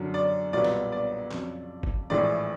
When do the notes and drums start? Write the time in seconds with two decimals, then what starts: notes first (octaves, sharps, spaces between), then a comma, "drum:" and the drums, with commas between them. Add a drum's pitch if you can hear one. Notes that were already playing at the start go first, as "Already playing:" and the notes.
Already playing: F#2 D3 F#3
0.14 D5
0.53 B1 A#2 G3 B3 D5
0.64 drum: snare
0.92 D5
1.31 F2 C#3 F#3, drum: clap
1.83 drum: kick G1
2.10 A#1 A2 E3 G#3 D5